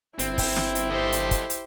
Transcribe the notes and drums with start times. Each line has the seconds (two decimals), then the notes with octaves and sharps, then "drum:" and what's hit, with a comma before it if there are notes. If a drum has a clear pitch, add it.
0.19 G1 C4 E4, drum: hi-hat
0.38 drum: kick, open hi-hat
0.56 drum: snare
0.75 drum: hi-hat
0.90 G4 A4 C5 D#5
1.12 drum: hi-hat
1.31 drum: kick, hi-hat
1.50 drum: hi-hat